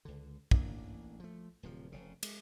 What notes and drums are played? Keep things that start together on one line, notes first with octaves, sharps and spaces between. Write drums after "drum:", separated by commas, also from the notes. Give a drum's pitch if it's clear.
C#2 D3
A1 A#3 D4, drum: kick
F3 A3
D1 C3 F3
F1 C#3
G#3, drum: cymbal